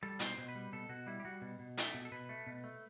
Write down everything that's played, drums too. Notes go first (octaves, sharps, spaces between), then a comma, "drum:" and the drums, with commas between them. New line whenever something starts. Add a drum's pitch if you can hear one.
G3 A4
B2, drum: hi-hat
C5
B2
B4
G3
B2 A4
B2 F#4
G3 E4
G4
G3 F#4
B2
B2
A3, drum: hi-hat
B2
A4
B2 B4
A3
B2
A3